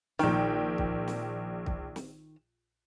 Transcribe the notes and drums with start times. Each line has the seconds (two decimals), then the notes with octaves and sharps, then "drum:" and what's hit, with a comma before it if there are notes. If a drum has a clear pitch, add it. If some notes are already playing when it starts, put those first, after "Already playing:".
0.19 A#1 D#3 G5, drum: snare
0.78 drum: kick
1.08 drum: snare
1.66 drum: kick
1.96 drum: snare